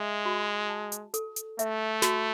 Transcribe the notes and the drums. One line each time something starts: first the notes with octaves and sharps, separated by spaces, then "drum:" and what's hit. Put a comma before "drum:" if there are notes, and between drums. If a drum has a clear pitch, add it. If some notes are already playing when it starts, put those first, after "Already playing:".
Already playing: G#3 E5
F#4
A5
drum: hi-hat
A4, drum: hi-hat
drum: hi-hat
A3 E5, drum: hi-hat
F#4, drum: snare